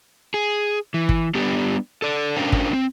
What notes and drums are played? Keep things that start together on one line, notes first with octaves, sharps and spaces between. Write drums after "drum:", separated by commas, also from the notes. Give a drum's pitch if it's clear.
G#4
E3
drum: kick
G3 B3 D4 G4
A4 D5
C#4 D4 A#4 C5 F5 G5
drum: kick
C4